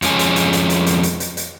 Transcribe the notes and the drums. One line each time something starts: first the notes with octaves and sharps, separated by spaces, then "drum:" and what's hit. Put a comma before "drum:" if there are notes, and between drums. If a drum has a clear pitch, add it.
F2 F3 G#3 C#4 G#5, drum: hi-hat
drum: hi-hat
drum: hi-hat
drum: hi-hat
drum: hi-hat
drum: hi-hat
drum: hi-hat
drum: hi-hat
drum: hi-hat